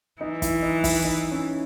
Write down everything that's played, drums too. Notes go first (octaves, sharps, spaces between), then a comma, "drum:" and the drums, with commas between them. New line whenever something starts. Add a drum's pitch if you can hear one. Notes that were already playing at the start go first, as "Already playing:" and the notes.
E3 D#4
E4, drum: kick, hi-hat
D#4
E4, drum: kick, open hi-hat
D#4
C#4